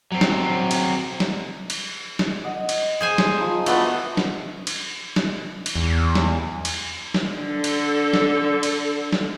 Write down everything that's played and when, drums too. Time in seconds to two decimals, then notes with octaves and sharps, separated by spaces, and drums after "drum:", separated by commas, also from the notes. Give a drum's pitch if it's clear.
0.12 F#3 C4
0.21 drum: snare
0.71 drum: cymbal
1.20 drum: snare
1.70 drum: cymbal
2.19 drum: snare
2.44 D#5 F#5
2.69 drum: cymbal
3.01 G#4 C5 G#5
3.18 drum: snare
3.37 F3 D#4 B5
3.66 A3 B3 D4 E4 F#4, drum: cymbal
4.17 drum: snare
4.67 drum: cymbal
5.16 drum: snare
5.66 drum: cymbal
5.75 E2
6.15 drum: snare
6.65 drum: cymbal
7.14 drum: snare
7.32 D3 A4
7.64 drum: cymbal
8.13 drum: snare
8.63 drum: cymbal
9.13 drum: snare